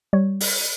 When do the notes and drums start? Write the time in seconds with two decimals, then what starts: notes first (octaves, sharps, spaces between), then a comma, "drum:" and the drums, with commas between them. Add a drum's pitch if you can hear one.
0.13 G3 C#5
0.40 drum: open hi-hat